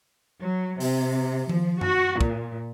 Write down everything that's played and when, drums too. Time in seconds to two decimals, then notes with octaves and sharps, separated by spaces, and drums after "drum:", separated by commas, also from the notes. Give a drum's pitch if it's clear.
0.42 F#3
0.80 C3, drum: open hi-hat
1.49 F3, drum: tom D#3
1.81 F#4, drum: tom F#2
2.21 A#2, drum: kick